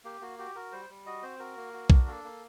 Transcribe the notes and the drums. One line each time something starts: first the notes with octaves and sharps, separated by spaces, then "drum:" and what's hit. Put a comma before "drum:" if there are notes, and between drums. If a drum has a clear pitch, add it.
A#3 G4
A#3 F#4
F#4 G4
F#4 A#4
G3 C5
G3
F#4 D#5
C4 C5
F#4 A#4
A#3
F#4
D4, drum: kick B1
A#3 A4
A#3